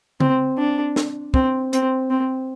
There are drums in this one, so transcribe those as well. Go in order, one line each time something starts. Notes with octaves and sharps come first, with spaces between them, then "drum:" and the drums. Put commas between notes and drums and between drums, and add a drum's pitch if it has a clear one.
C4, drum: tom C#3
D4
drum: snare
C4, drum: kick
C4, drum: hi-hat
C4